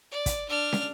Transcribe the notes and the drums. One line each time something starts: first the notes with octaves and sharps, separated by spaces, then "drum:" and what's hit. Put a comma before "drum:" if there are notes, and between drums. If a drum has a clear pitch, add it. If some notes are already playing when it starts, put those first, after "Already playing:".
D5
drum: kick, hi-hat
D4 F6
drum: snare